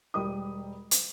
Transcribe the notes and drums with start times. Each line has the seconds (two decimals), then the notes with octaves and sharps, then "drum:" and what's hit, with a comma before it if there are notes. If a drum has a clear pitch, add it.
0.14 E1 G3 G4 A#4 D#5 D#6
0.91 drum: hi-hat